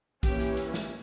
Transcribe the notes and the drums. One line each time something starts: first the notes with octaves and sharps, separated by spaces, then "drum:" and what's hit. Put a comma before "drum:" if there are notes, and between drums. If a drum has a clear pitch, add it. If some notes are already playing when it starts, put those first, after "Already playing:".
E3 A#3 C#4 G4, drum: kick, hi-hat
drum: hi-hat
drum: hi-hat
drum: snare